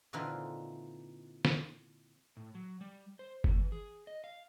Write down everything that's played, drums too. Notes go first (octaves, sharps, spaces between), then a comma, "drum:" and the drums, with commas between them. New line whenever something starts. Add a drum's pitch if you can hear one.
A#2 D3 E3 C4 D#4 F4
drum: snare
A2
F#3
G3
C5
A2, drum: kick F#1
E3
G#4
D#5
F5